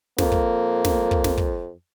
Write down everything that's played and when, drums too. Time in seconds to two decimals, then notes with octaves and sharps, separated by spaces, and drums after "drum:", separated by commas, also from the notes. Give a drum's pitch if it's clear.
0.18 F2 A#3, drum: snare
0.32 drum: kick
0.85 drum: snare
1.11 drum: kick
1.24 drum: snare
1.38 drum: kick